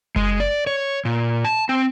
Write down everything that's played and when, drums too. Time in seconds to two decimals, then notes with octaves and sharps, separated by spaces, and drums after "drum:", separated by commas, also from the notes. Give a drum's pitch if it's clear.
0.16 G#3, drum: kick F#1
0.40 D5
0.67 C#5
1.05 A#2
1.45 A5
1.69 C4